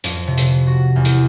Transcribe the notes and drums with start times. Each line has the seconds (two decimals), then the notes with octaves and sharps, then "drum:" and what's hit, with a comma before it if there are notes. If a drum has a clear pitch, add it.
0.04 F2, drum: hi-hat
0.27 C3
0.38 drum: hi-hat
0.67 F#4
0.96 E2
1.05 drum: hi-hat